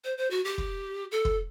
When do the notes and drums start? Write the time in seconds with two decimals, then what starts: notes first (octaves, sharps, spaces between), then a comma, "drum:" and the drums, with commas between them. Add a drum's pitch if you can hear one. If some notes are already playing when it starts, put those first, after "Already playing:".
0.04 C5
0.18 C5
0.31 F#4
0.45 G4
0.58 drum: kick
1.12 A4
1.25 drum: kick